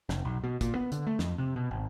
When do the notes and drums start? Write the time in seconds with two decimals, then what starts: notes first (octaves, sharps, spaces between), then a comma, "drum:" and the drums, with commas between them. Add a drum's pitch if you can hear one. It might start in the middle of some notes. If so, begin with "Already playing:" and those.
0.09 F1, drum: snare
0.25 B1
0.44 B2
0.61 A#2, drum: kick, hi-hat
0.75 B3
0.92 D3, drum: hi-hat
1.07 A3
1.19 F2, drum: snare
1.38 C3
1.56 B2
1.71 G#1